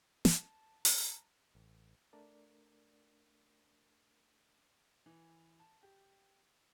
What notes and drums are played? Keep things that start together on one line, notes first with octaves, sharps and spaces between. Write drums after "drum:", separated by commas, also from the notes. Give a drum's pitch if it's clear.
A5, drum: snare
A5 A#5, drum: open hi-hat
A1
A3 D4 A#4 D5
E3
A5
G4